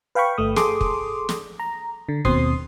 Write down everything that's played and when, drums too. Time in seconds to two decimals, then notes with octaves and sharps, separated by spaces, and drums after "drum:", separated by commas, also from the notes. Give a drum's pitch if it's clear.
0.15 B4 F5 G5 B5 C#6
0.38 G1 A3 D#6
0.56 G#4 A4 C6 D6 D#6, drum: snare
0.81 drum: kick
1.29 drum: snare
1.60 A#5
2.09 D3
2.25 D#2 B2 C4 C6 D#6 C7, drum: kick